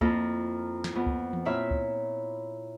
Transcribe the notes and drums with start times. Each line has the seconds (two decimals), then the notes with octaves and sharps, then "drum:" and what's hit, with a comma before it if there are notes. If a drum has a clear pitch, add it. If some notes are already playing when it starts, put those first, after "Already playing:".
0.01 F2 A#3 E4 A4 A#5, drum: kick C#2
0.84 drum: snare
0.95 F2 B3
1.06 drum: kick C#2
1.33 drum: tom E3
1.45 A#2 C4 E4 C#5 E5 F6
1.71 drum: kick C#2